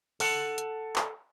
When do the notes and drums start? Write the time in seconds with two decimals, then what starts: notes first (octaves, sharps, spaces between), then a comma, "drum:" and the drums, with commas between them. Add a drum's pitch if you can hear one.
0.20 A4 F#5, drum: open hi-hat
0.58 drum: hi-hat
0.96 drum: clap